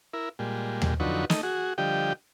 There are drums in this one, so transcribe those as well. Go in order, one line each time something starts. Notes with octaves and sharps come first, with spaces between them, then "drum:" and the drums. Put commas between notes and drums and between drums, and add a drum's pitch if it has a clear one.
E4 A#4
A#2 G3 G#3
drum: tom D#2
F2 D3 F#3 D#4 B4 C#6
A3 D#4 D#5, drum: snare
F#4 G#4
D3 F3 G3 G4 D#5 G5